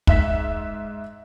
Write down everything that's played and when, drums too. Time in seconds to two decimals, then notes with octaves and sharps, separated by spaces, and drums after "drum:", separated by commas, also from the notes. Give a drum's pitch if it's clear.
0.07 G#2 E5 B6, drum: kick